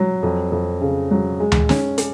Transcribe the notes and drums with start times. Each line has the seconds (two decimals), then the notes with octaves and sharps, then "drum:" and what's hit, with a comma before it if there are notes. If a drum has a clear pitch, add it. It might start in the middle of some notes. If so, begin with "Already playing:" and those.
Already playing: F#3
0.23 F2
0.52 F2
0.81 C#3
1.11 F#3
1.40 G#3
1.52 drum: tom D2
1.69 C#4, drum: snare
1.98 C#4, drum: hi-hat